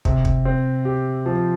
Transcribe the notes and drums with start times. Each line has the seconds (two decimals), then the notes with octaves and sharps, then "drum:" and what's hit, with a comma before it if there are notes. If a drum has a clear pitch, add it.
0.05 C3, drum: kick
0.25 drum: kick
0.45 C4
0.85 G4
1.26 F3